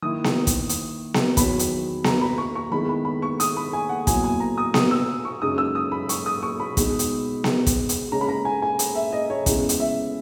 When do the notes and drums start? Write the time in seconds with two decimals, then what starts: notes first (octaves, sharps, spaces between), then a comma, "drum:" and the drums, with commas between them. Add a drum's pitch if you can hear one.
0.02 D#3 A#3 E4 D#6
0.24 drum: snare B3
0.47 drum: kick, hi-hat
0.69 drum: hi-hat
1.14 drum: snare B3
1.37 E2 D#3 F#3 B5, drum: kick, hi-hat
1.59 drum: hi-hat
2.04 A#5, drum: snare B3
2.21 B5
2.38 C#6
2.55 C#6
2.71 D#3 G#3 B3 E4 B5
2.89 B5
3.05 B5
3.22 C#6
3.40 D#6, drum: hi-hat
3.57 B5
3.73 G#5
3.89 F#5
4.07 A#2 F#3 B3 E4 G#5, drum: kick, hi-hat
4.24 G#5
4.40 A#5
4.58 D#6
4.74 D#6, drum: snare B3
4.91 E6
5.25 C#6
5.41 F#2 C#3 G#3 D#4 D#6
5.58 E6
5.75 D#6
5.92 B5
6.09 C#6, drum: hi-hat
6.26 D#6
6.43 C#6
6.60 B5
6.77 B2 G#3 D#4, drum: kick, hi-hat
6.99 drum: hi-hat
7.44 drum: snare B3
7.67 drum: kick, hi-hat
7.89 drum: hi-hat
8.12 C#3 G#3 C#4 A#5
8.21 B5
8.29 A#5
8.45 G#5
8.62 G#5
8.79 drum: hi-hat
8.95 E5
9.13 D#5
9.30 C#5
9.46 C#3 G#3 B3 E4, drum: kick, hi-hat
9.69 drum: hi-hat
9.80 E5